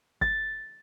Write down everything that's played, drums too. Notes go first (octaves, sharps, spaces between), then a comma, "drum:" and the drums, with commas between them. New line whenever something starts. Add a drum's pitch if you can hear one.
A6, drum: kick